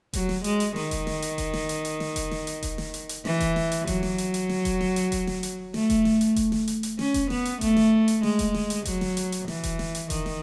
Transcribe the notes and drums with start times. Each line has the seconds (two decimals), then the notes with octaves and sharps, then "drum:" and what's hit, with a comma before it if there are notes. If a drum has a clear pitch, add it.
0.13 F#3, drum: kick E1, hi-hat
0.29 drum: snare
0.44 G#3, drum: hi-hat
0.60 drum: hi-hat
0.76 D#3, drum: snare
0.91 drum: kick E1, hi-hat
1.07 drum: snare
1.22 drum: hi-hat
1.38 drum: kick E1, hi-hat
1.53 drum: snare
1.69 drum: hi-hat
1.85 drum: hi-hat
2.00 drum: snare
2.16 drum: kick E1, hi-hat
2.31 drum: snare
2.47 drum: hi-hat
2.63 drum: kick E1, hi-hat
2.78 drum: snare
2.94 drum: hi-hat
3.09 drum: hi-hat
3.25 E3, drum: snare
3.40 drum: kick E1, hi-hat
3.56 drum: snare
3.72 drum: hi-hat
3.87 F#3, drum: kick E1, hi-hat
4.03 drum: snare
4.18 drum: hi-hat
4.34 drum: hi-hat
4.49 drum: snare
4.65 drum: kick E1, hi-hat
4.81 drum: snare
4.96 drum: hi-hat
5.12 drum: kick E1, hi-hat
5.27 drum: snare
5.43 drum: hi-hat
5.74 A3, drum: snare
5.90 drum: kick E1, hi-hat
6.05 drum: snare
6.21 drum: hi-hat
6.36 drum: kick E1, hi-hat
6.52 drum: snare
6.68 drum: hi-hat
6.83 drum: hi-hat
6.99 C#4, drum: snare
7.14 drum: kick E1, hi-hat
7.30 B3, drum: snare
7.45 drum: hi-hat
7.61 A3, drum: kick E1, hi-hat
7.77 drum: snare
8.08 drum: hi-hat
8.23 G#3, drum: snare
8.39 drum: kick E1, hi-hat
8.54 drum: snare
8.70 drum: hi-hat
8.85 F#3, drum: kick E1, hi-hat
9.01 drum: snare
9.17 drum: hi-hat
9.32 drum: hi-hat
9.48 E3, drum: snare
9.63 drum: kick E1, hi-hat
9.79 drum: snare
9.95 drum: hi-hat
10.10 D#3, drum: kick E1, hi-hat
10.26 drum: snare